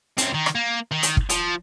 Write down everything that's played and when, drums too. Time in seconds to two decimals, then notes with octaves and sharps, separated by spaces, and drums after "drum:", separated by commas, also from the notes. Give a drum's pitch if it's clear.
0.18 F#2 C4, drum: hi-hat
0.34 D#3
0.46 drum: rim click
0.55 A#3
0.91 D#3
1.03 drum: hi-hat
1.17 drum: kick
1.29 F3, drum: hi-hat